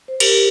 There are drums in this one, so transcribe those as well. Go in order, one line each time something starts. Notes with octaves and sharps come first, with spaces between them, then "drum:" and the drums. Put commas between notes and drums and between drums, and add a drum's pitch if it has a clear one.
C5
G4 A#4, drum: cymbal